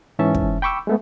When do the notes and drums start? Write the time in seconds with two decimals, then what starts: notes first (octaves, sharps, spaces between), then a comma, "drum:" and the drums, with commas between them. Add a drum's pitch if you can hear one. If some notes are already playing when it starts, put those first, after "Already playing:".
0.19 G#2 E3 C#4 E5 A5
0.35 drum: kick
0.62 G5 B5 C#6 D6 E6
0.87 G#3 A3 B3